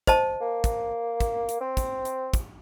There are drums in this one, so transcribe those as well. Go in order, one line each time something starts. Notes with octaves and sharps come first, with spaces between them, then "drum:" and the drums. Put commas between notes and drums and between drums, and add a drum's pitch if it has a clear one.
C5 D#5 A5, drum: kick, hi-hat
A#3
drum: kick, hi-hat
drum: kick, hi-hat
drum: hi-hat
C4
drum: kick, hi-hat
drum: hi-hat
drum: kick, hi-hat